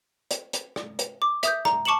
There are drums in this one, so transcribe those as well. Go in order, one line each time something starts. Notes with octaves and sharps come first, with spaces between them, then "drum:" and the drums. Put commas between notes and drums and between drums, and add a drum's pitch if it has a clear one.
drum: hi-hat
drum: hi-hat
drum: rim click
drum: hi-hat
D6
E5 D#6 G6, drum: hi-hat
A#5, drum: rim click
A5 C#6 D6 C#7 E7 F#7